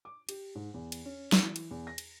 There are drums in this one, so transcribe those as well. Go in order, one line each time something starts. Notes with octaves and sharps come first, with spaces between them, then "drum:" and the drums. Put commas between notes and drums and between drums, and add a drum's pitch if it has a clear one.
D6
G4, drum: cymbal
G#2
E2
drum: cymbal
C#4
E3, drum: snare
drum: cymbal
E2
A#6
drum: cymbal